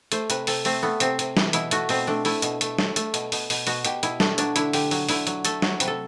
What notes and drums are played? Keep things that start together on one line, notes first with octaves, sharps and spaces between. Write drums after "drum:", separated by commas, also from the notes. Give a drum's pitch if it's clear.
A3 C5, drum: hi-hat
C3 B4, drum: hi-hat
C3 A4, drum: open hi-hat
A3 C4, drum: open hi-hat
A3 B3
C3 C4, drum: hi-hat
C3, drum: hi-hat
E3, drum: snare
B2 E4, drum: hi-hat
A3 F#4, drum: hi-hat
B2 C4, drum: open hi-hat
A3 D4
A3 E4, drum: open hi-hat
B2, drum: hi-hat
A3, drum: hi-hat
A3, drum: snare
A3, drum: hi-hat
B2, drum: hi-hat
B2, drum: open hi-hat
B2, drum: open hi-hat
B2 F#4, drum: open hi-hat
B2 G4, drum: hi-hat
B2 E4, drum: hi-hat
A3 D4, drum: snare
F#3 D4, drum: hi-hat
D3 E4, drum: hi-hat
D3 G4, drum: open hi-hat
F#3, drum: open hi-hat
D3 E4, drum: open hi-hat
F#3, drum: hi-hat
A3 A4, drum: hi-hat
F#3, drum: snare
C3 B4, drum: hi-hat
A4